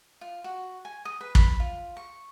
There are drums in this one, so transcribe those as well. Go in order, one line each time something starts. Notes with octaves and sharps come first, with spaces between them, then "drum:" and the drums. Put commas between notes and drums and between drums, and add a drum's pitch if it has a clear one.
F4
F#4
G#5
D#6
B4
B5, drum: kick
F4
C#6